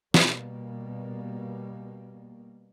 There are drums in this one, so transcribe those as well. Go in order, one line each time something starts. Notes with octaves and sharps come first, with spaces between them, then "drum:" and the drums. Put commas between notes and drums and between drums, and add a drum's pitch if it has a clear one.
B2 G3 A#3, drum: snare